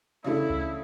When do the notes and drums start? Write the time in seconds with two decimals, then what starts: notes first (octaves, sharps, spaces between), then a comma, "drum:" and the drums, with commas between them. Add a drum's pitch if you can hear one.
0.24 C#3 E3 A3 D4 E4 A4
0.50 drum: kick C#2